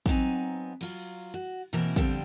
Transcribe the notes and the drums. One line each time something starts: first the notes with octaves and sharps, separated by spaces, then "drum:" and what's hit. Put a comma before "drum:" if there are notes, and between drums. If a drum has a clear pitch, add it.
F#3 B3 C4 D#4 G#5, drum: kick
F#3 F4, drum: cymbal
F#4
B2 E3 A#3 C4 A#4, drum: cymbal
F2 D3 G3 C4 G5, drum: kick